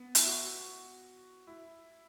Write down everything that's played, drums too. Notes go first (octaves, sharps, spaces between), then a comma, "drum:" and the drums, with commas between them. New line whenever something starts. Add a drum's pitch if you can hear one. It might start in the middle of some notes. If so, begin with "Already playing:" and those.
Already playing: B3
E4, drum: hi-hat
F#4
E4